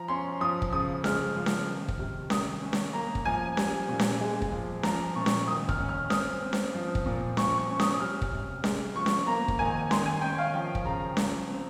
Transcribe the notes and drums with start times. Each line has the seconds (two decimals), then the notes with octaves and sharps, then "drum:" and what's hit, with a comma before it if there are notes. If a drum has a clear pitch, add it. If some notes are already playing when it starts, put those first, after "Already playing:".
Already playing: F3 A#5
0.08 C#4 C6
0.41 F3 D#6
0.62 drum: kick
0.72 C#3 D#6
1.04 G#3 F6, drum: snare C#4
1.36 F3
1.46 drum: snare C#4
1.67 D#3
1.88 drum: kick
1.99 C3
2.30 D#3 D#6, drum: snare C#4
2.62 C#4
2.73 drum: snare C#4
2.94 A#3 A#5
3.15 drum: kick
3.25 F3 G#5
3.57 G3, drum: snare C#4
3.89 A#2
3.99 drum: snare C#4
4.21 G#3
4.42 drum: kick
4.52 F3
4.83 F3 A#5, drum: snare C#4
5.15 A#2 C#6
5.26 drum: snare C#4
5.47 D#3 D#6
5.69 F6, drum: kick
5.79 C#4
5.89 F6
6.10 C4 D#6, drum: snare C#4
6.42 C4
6.53 drum: snare C#4
6.74 F3
6.95 drum: kick
7.06 A#2
7.37 F3 C#6, drum: snare C#4
7.58 C#6
7.69 C#4
7.80 D#6, drum: snare C#4
7.90 D#6
8.00 G3 F6
8.22 drum: kick
8.32 C3
8.64 G#3, drum: snare C#4
8.96 F3 C#6
9.06 drum: snare C#4
9.27 A#3 A#5
9.48 drum: kick
9.59 D#3 G#5
9.91 D#3 C6, drum: snare C#4
10.06 G#5
10.21 C#4 G5
10.38 F5
10.54 F3 G5
10.75 drum: kick
10.85 C#3 A#5
11.17 F3, drum: snare C#4
11.49 C4